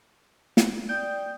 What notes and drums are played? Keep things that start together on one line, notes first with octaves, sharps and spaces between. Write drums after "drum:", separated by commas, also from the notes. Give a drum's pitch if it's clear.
drum: snare
D5 G5 D#6 G6